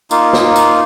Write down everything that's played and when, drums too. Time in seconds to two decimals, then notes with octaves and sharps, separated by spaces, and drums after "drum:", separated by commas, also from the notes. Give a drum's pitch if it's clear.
0.11 A#3 D#4 F4, drum: tambourine
0.33 drum: snare
0.56 drum: tambourine